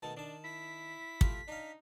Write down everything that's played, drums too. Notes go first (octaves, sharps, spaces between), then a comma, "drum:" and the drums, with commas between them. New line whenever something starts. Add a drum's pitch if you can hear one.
B2 D#3 A3 A5
D#3 D4 A5
E4 B6
A3 F4 G4, drum: kick
D4 D#4 F5